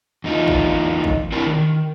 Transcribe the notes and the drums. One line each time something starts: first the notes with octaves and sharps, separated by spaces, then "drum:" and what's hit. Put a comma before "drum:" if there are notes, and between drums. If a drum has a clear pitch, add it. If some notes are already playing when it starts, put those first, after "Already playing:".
E2 D#4 F4
drum: kick
drum: kick
C4 D4 E4 A#4
D#3